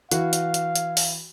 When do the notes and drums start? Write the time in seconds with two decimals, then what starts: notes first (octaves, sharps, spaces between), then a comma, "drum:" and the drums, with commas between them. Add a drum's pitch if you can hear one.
0.11 E3 F#4 F5, drum: hi-hat
0.33 drum: hi-hat
0.54 drum: hi-hat
0.75 drum: hi-hat
0.97 drum: open hi-hat